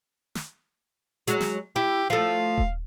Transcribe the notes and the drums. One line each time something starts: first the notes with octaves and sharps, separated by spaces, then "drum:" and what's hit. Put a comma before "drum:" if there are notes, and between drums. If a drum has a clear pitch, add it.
drum: snare
F#3 G#3, drum: hi-hat
drum: snare
E4 G4
F3 A3 F5
drum: kick D#1